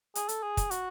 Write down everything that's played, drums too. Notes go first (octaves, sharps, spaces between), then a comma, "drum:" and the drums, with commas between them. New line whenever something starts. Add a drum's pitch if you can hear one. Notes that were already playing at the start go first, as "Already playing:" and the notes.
G#4, drum: hi-hat
A4, drum: hi-hat
G#4
drum: kick, hi-hat
F#4, drum: hi-hat